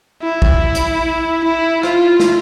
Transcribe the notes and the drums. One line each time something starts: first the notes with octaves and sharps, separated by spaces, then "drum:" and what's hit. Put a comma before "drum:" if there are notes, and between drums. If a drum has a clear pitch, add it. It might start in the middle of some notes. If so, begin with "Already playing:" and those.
E4
drum: kick
drum: hi-hat
E4
F4, drum: rim click
drum: snare